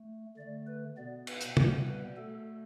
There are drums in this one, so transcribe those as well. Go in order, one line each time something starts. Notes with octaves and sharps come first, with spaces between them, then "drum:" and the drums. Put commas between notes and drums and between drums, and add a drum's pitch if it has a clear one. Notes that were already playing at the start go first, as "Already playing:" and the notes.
Already playing: A3
D3 A3 D5
B4
B2 B3 D5
B4, drum: cymbal
drum: hi-hat
B2 G3 B3, drum: tom
B4
B2 A3 A4